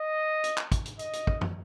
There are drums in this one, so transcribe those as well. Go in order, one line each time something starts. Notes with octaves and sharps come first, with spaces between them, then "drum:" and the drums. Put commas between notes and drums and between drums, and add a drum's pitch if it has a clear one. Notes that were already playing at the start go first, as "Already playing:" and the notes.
Already playing: D#5
drum: hi-hat
drum: clap
drum: kick, hi-hat
drum: hi-hat
D#5, drum: hi-hat
drum: hi-hat
drum: kick
drum: tom